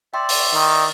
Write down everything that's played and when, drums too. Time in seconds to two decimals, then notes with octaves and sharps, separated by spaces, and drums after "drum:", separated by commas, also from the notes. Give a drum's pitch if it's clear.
0.14 D5 E5 G5 C6
0.29 drum: open hi-hat
0.54 D#3